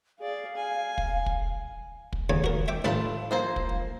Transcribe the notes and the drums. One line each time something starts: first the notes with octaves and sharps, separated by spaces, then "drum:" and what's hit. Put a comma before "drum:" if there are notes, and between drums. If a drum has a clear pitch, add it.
G#4 D5 F5
G#5
drum: kick
drum: kick
drum: kick
D#2 C#3 G#5
F#4 A#4, drum: kick
E5 G5 D6
A1 A3 F4 A4 A5 B5
F3 A#3 C5
drum: kick